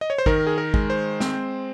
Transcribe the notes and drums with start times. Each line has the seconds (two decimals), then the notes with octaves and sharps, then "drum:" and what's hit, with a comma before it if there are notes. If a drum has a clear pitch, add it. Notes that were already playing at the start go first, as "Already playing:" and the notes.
0.01 D#5
0.10 C#5
0.18 C5
0.26 D#3 A#4, drum: kick G#1
0.47 G#4
0.58 A#4
0.74 G#3, drum: kick G#1
0.90 C5
1.20 C4, drum: snare